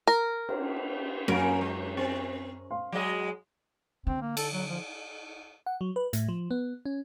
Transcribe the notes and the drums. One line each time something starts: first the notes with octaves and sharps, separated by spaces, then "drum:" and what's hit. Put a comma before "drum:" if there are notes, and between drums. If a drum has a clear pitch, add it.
A#4
drum: cymbal
F#2 A#3 C#4 A#4, drum: rim click
G#3
C4
F5 C6
F#3 G#3 D#5
D3 C4
A#3
A4, drum: cymbal
F#3
F3
F#5
F#3
B4
A2, drum: hi-hat
F3
B3
C#4